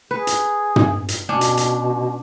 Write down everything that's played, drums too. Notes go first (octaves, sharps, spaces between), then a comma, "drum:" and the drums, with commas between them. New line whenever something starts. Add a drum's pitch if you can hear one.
G#4 B4
drum: hi-hat
drum: tom
drum: hi-hat
B2 C#4 D4
drum: hi-hat
drum: hi-hat